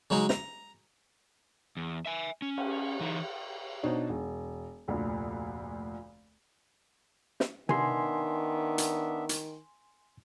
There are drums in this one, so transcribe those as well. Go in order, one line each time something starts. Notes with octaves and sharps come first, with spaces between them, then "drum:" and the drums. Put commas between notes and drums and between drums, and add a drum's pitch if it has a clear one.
C#3 F#3 G#3 D#4
A#5, drum: snare
E2
E5 G#5
C#4
drum: cymbal
E3 D#4
B2 D4 D#4 C5 C#5
E1
F1 D2 A#2
drum: snare
D#3 B3 D4 E5 G#5 C6, drum: tom C3
drum: hi-hat
drum: hi-hat